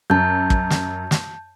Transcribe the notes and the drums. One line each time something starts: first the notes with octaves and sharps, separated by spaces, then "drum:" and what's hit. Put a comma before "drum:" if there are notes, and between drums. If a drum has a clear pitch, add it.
F#2 A5 G6
drum: kick
drum: snare
drum: snare